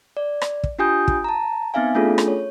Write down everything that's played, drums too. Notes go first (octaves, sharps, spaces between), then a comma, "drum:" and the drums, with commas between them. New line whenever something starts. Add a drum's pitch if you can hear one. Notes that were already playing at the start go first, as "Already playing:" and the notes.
D5
drum: rim click
drum: kick
D4 F4 G4 G#5 D#6 G6
drum: kick
A5 A#5
B3 C4 D#4 E5 F5 G#5
A3 C#4 D4 F4 G#4 A4
drum: rim click
C#5